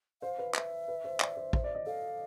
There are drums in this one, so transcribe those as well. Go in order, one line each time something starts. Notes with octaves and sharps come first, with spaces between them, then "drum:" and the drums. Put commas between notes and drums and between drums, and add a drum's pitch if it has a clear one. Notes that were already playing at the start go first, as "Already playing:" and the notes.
C5 F5
B4
E5, drum: clap
B4
C5
D5, drum: clap
C5
C5, drum: kick
D5
D#5
A4 F5